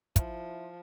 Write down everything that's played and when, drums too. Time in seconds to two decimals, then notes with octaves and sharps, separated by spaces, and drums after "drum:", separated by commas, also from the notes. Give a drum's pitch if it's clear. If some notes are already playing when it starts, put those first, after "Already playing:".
0.16 F3 E4, drum: kick, hi-hat